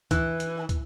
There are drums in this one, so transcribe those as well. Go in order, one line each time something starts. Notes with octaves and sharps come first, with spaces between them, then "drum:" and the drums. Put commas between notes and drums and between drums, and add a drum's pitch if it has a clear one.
E3, drum: kick, hi-hat
drum: hi-hat
drum: kick, hi-hat